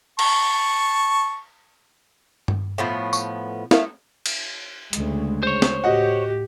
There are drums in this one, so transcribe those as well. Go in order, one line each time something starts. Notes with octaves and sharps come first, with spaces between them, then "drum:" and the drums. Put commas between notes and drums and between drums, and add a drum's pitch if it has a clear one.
A5 C#6, drum: cymbal
drum: tom G2
A2 F3 B3
C#6, drum: tambourine
A3 E4 A#4 F5, drum: snare
drum: cymbal
D2 C#3 G#3, drum: hi-hat
C5 C#5
drum: snare
A2 F#4 G4 D#5 F#5